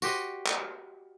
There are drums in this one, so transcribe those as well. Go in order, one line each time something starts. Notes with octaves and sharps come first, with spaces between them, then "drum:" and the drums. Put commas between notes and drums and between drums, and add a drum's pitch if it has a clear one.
F#4 G4 C5 D#5, drum: tambourine
drum: clap